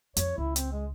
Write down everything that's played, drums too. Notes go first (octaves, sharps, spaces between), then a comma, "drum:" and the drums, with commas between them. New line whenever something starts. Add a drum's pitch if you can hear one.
F2 C#5, drum: hi-hat
C#2 E4
C4, drum: hi-hat
G#3